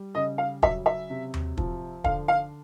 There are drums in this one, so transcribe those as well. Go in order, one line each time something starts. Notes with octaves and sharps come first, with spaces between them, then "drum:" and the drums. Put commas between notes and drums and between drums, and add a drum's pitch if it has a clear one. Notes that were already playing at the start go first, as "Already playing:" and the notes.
Already playing: G3
C#3 D#5
F5
F#3 E5, drum: kick
E5
C3
drum: tom D#2
F3, drum: kick
D3 F5, drum: kick
F5